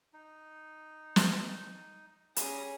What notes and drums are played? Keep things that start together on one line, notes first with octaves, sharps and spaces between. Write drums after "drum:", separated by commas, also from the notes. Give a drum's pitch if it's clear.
D#4
drum: snare
G3 C#4 G#4 A#5, drum: hi-hat